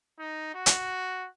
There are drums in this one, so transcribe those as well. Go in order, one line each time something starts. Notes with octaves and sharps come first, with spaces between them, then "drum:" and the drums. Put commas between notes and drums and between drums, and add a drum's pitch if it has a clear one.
D#4
F#4
drum: hi-hat